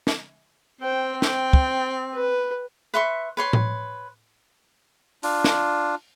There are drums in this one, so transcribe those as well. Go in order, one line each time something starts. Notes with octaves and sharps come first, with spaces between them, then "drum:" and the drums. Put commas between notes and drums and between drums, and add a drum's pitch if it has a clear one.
drum: snare
C4 C5 G5
G5, drum: snare
drum: kick
B4
B4 E5 C6 C#6
B4 C#5 C6
drum: tom A2
D4 F4, drum: open hi-hat
drum: snare